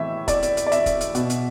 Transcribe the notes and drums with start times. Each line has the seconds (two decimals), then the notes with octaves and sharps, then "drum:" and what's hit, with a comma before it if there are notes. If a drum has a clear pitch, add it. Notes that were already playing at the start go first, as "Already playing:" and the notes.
Already playing: A2 E3 E5
0.28 D5, drum: kick, hi-hat
0.42 drum: hi-hat
0.57 drum: hi-hat
0.67 D5
0.72 E5, drum: hi-hat
0.86 drum: kick, hi-hat
1.01 drum: hi-hat
1.15 B2, drum: hi-hat
1.30 drum: hi-hat